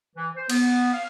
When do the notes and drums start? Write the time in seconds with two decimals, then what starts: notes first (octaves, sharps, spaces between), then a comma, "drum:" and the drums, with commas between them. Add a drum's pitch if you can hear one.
0.16 E3
0.36 C5
0.50 B3, drum: cymbal
0.93 F5